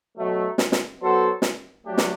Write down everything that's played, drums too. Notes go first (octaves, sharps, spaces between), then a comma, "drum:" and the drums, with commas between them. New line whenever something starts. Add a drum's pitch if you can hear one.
B2 F#3 A3
drum: snare
drum: snare
F#3 B3 F#4 A4 C5
drum: snare
F#3 A3 D4 G4
drum: snare